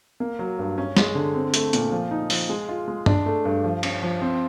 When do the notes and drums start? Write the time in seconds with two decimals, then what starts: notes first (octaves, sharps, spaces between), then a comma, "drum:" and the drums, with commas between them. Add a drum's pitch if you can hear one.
0.20 A#3
0.39 F#3
0.59 G2
0.78 C#4
0.97 G#3, drum: snare
1.15 D3
1.34 C4
1.54 A3, drum: hi-hat
1.73 A#2, drum: hi-hat
1.92 F3
2.11 D#4
2.30 F3, drum: open hi-hat
2.49 G#3
2.69 F4
2.88 G#3
3.06 D4, drum: tom
3.26 A3
3.45 G2
3.64 F3
3.83 C#4, drum: cymbal
4.02 F3
4.21 C4